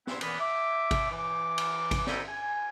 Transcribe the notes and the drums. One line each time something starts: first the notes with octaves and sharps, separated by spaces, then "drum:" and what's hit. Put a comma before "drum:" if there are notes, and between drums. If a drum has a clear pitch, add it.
E2 G3 B3 E4 F#5 C6, drum: snare
A#2 D3 E3 A#3 B3, drum: cymbal
E5 D6
drum: kick G#1, cymbal
E3 D6
drum: cymbal
drum: kick G#1, cymbal
C2 G2 D3 G3 D#4 E4, drum: snare
G#5